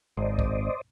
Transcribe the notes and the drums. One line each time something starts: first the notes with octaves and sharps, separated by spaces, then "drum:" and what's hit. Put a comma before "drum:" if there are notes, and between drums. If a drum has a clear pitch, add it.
G#1 C5 D5 D#5
drum: kick B1